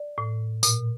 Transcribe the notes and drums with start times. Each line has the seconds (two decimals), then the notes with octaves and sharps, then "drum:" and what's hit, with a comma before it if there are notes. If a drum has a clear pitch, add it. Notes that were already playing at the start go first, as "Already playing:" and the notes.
Already playing: D5
0.18 A2
0.63 A#2, drum: tambourine